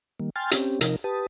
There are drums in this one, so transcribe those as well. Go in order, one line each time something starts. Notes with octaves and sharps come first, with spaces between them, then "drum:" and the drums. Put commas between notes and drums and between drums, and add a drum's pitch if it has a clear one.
D#3 G3 A#3
G5 G#5 C6 F6 A6
C4 C#4 G4, drum: hi-hat
C3 F3 D#4 A#4, drum: hi-hat
G4 B4 A5 D#6